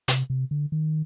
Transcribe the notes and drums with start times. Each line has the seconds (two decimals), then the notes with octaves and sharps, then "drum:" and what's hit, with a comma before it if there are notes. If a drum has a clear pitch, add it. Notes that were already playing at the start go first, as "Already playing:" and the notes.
0.08 C3, drum: hi-hat
0.30 C3
0.51 D3
0.72 D#3